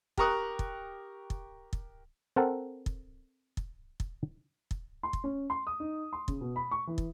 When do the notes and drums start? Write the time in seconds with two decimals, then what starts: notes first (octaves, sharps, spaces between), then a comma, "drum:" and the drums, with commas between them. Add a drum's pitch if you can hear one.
0.18 G4 A#4 A#5 C#6 D#6 F#6, drum: kick
0.59 drum: kick
1.30 drum: kick
1.73 drum: kick
2.36 C4 A4 A#4 F#5 A5 A#5
2.86 drum: kick
3.57 drum: kick
4.00 drum: kick
4.71 drum: kick
5.03 C6
5.13 drum: kick
5.24 C#4
5.50 C6
5.67 D#6
5.80 D#4
6.13 C6
6.28 C#3, drum: kick
6.41 B2
6.56 B5
6.71 C#6
6.87 E3
6.98 drum: kick